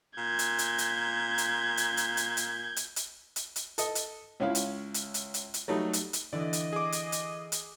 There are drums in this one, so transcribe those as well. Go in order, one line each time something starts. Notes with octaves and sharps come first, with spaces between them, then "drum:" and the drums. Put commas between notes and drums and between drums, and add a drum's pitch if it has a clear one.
A#2 G6 G#6
drum: hi-hat
drum: hi-hat
drum: hi-hat
drum: hi-hat
drum: hi-hat
drum: hi-hat
drum: hi-hat
drum: hi-hat
drum: hi-hat
drum: hi-hat
drum: hi-hat
drum: hi-hat
A4 D#5, drum: hi-hat
drum: hi-hat
C#2 C#4 E4 F5
drum: hi-hat
drum: hi-hat
drum: hi-hat
drum: hi-hat
drum: hi-hat
F#3 G3 A3 D#4
drum: hi-hat
drum: hi-hat
D3 E3 D5 D#5
drum: hi-hat
G#4 D6
drum: hi-hat
drum: hi-hat
drum: hi-hat